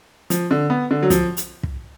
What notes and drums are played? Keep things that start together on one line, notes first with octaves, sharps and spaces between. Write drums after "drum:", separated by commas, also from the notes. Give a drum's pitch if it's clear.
F3, drum: hi-hat
D3
B3
D3
F#3
F3, drum: kick, hi-hat
drum: hi-hat
drum: kick